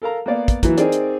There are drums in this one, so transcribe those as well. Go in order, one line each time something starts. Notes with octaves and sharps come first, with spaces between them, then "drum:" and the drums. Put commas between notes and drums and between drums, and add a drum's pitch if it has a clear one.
A4 A#4 F5 A#5
A#3 B3 D5 F5
drum: kick, hi-hat
E3 F#3 A#3 E4 F4, drum: kick, hi-hat
C4 D#4 G#4 A#4 D5, drum: hi-hat
drum: hi-hat